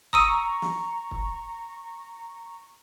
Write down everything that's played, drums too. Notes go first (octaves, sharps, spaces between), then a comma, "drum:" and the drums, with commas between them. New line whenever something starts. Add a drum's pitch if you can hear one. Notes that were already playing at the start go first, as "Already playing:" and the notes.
A#5 C#6 D#6 E6 D#7, drum: kick
drum: snare
drum: kick